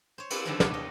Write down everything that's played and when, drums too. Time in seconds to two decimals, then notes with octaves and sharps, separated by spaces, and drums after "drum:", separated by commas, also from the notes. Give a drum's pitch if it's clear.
0.18 C5 C#5
0.30 B3 C4 E4 F4 B4 D5, drum: cymbal
0.45 D3 D#3 F3 G3 C4 E4
0.60 B3 D4 D#4 G4 C#5, drum: snare
0.74 D#5